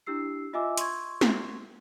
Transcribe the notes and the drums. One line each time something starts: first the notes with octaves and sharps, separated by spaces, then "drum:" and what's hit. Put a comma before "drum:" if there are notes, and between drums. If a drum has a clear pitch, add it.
D4 E4 G4 E6 C7
F4 D#5 E5 G#5 D6 E6
C6 C#6 G#6, drum: hi-hat
drum: snare